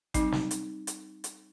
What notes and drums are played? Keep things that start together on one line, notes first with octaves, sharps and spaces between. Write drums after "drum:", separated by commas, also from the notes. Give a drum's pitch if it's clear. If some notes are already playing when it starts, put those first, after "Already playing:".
G3 C4 D#4, drum: kick G#1, hi-hat
drum: snare
drum: hi-hat
drum: hi-hat
drum: hi-hat